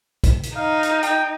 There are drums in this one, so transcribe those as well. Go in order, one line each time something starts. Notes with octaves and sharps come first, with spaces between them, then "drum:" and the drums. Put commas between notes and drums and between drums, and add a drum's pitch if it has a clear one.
drum: kick, hi-hat
drum: hi-hat
D#4 F5
drum: hi-hat
G5, drum: hi-hat